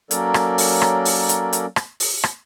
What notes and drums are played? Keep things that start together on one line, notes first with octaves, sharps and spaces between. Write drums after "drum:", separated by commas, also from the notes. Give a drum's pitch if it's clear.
F#3 A#3 C#4 A4 A#4 D5, drum: hi-hat
drum: rim click
drum: open hi-hat
drum: rim click
drum: open hi-hat
drum: hi-hat
drum: hi-hat
drum: rim click
drum: open hi-hat
drum: rim click